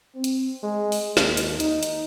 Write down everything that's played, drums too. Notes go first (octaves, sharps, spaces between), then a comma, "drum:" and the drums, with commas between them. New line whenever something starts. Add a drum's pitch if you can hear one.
C4
drum: hi-hat
G#3
drum: open hi-hat
D#2, drum: snare
drum: hi-hat
D#4, drum: hi-hat
drum: hi-hat